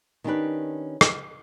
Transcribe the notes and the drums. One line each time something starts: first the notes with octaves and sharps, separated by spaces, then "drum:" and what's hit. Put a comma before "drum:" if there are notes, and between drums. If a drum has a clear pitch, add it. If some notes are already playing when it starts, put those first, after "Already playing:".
D#3 B3 C#4 D4 G4 B4
drum: rim click